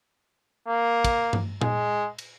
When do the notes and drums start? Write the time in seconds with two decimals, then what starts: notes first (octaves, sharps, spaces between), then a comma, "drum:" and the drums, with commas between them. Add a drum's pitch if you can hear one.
0.68 A#3
1.05 drum: kick, cymbal
1.33 drum: tom G2
1.61 G#3, drum: tom A#2
2.18 drum: cymbal